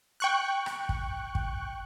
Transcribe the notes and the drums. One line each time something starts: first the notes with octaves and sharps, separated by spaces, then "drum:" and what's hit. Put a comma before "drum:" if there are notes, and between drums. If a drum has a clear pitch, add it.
G5 C#6 F#6
drum: rim click
drum: kick
drum: kick